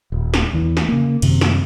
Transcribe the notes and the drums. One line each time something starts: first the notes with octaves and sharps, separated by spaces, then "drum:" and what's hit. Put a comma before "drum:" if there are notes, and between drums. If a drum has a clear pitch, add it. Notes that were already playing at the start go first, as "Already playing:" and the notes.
D#1
drum: snare
E2 E3
drum: snare
C#3 A#3
F#2 C3 D#3, drum: cymbal
drum: snare